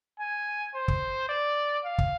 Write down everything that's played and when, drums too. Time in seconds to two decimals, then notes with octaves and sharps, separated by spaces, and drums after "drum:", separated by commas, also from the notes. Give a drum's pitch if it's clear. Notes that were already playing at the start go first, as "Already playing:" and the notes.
0.19 G#5
0.74 C5
0.88 drum: kick
1.29 D5
1.85 F5
1.98 drum: kick